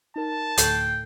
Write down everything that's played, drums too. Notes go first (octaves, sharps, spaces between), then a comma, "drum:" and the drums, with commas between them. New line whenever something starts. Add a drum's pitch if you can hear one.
D#4 A#4 A5
D2 A2 G5 C7, drum: hi-hat